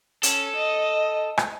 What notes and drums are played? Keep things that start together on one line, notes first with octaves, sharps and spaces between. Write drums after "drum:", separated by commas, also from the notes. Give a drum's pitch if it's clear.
C#4 A4, drum: hi-hat
D#5
drum: rim click